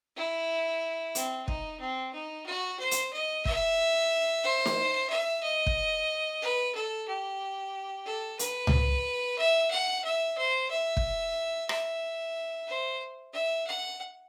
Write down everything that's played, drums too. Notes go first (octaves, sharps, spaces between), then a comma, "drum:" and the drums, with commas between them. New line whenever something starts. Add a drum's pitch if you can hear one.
E4
C4, drum: hi-hat
D#4, drum: kick
C4
D#4
F#4
C5
drum: hi-hat
D#5
E5, drum: kick
C5
drum: snare
E5
D#5
drum: kick
B4
A4
G4
A4
B4, drum: hi-hat
drum: tom C#2
E5
F#5
E5
C5
E5
drum: kick
E5, drum: rim click
C5
E5
F#5